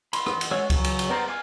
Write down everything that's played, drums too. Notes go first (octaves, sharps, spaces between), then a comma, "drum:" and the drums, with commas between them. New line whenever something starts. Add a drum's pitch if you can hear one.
B5 C6, drum: cymbal
drum: rim click
drum: cymbal
G#3 F#4 C#5 E6
C#3 F#3, drum: kick C#2, cymbal
drum: cymbal
drum: cymbal
G3 B3 A#4 C5 D5
F5 G#5 D6